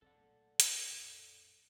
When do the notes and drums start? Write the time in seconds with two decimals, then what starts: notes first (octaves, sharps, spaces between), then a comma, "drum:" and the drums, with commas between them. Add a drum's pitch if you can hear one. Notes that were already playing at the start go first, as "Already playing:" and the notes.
0.02 E1 B1 C4 A4 D5 F#5
0.16 A#2 F#3 A3
0.60 drum: hi-hat
0.88 A#1 F2 A2